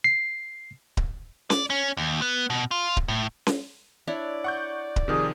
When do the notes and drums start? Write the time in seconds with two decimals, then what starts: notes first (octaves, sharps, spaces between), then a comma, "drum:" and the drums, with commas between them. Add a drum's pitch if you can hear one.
0.04 C7
0.97 drum: kick D1
1.50 D5, drum: snare C#4
1.70 C#4
1.97 D#2
2.22 B3
2.50 B2
2.71 F4
2.97 drum: kick D1
3.08 A2
3.47 drum: snare C#4
4.07 D4 E4 C#5 D5
4.44 F#5 C#6 G6
4.96 drum: kick D1
5.08 C3 D#3 F3 G#4